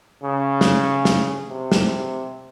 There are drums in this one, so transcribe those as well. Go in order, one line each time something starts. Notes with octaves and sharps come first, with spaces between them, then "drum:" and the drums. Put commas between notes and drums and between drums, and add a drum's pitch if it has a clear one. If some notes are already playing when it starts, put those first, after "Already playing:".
C#3
drum: snare
drum: snare
C3
drum: snare